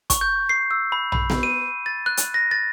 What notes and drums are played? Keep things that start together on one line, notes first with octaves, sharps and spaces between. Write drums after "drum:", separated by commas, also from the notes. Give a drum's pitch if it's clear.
C#6, drum: kick, hi-hat
G6
C7
E6
B5
B5, drum: tom A#1
drum: snare B3
D#7
A6
F#6
drum: hi-hat
A#6
A6